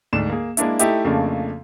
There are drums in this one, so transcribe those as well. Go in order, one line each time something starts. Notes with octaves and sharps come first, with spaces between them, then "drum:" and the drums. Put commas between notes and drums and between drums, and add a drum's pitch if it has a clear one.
D2 G#2 D5 E7
A#3 G#4
G#3 A#3 D4 E4, drum: hi-hat
A3 D#4 E4 G4 D#5, drum: hi-hat
F2 C#3 F3 A3 A#3 D4